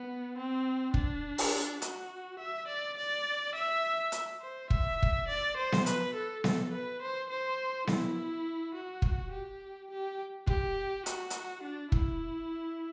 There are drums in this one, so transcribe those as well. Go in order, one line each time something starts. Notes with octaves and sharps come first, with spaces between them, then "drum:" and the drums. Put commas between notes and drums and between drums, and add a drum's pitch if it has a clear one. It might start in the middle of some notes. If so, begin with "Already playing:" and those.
Already playing: B3
C4
D4, drum: kick
drum: open hi-hat
F#4, drum: hi-hat
E5
D5
D5
E5
drum: hi-hat
C5
E5, drum: kick
drum: kick
D5
C5
drum: snare B3
B4, drum: hi-hat
A4
A4, drum: snare B3
B4
C5
C5
E4, drum: snare B3
F#4
drum: kick
G4
G4
G4, drum: kick
F#4, drum: hi-hat
drum: hi-hat
D4
E4, drum: kick